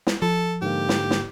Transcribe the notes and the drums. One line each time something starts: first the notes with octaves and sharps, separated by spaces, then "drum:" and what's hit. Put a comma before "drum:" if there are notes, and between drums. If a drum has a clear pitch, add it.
drum: snare
F3 A4
G#2 D3 A#3 G4
drum: snare
drum: snare